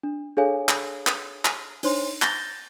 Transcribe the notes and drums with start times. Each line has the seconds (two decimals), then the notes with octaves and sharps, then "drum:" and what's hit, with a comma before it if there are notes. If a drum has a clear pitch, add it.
0.03 D4
0.37 D4 G#4 A4 C#5 F5 G#5
0.69 drum: clap
1.07 drum: clap
1.45 drum: clap
1.83 D4 D#4 C5 C#5 C6, drum: open hi-hat
2.22 G6 A6 A#6 G7, drum: clap